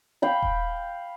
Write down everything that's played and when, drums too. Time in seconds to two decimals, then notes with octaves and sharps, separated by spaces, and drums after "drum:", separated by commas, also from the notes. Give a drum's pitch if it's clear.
0.22 F5 G5 B5
0.42 drum: kick D#1